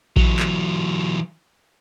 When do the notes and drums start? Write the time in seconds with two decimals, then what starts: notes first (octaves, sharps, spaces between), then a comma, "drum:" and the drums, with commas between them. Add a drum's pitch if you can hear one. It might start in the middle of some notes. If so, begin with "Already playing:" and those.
0.16 E3 F#3, drum: kick A#1
0.39 drum: clap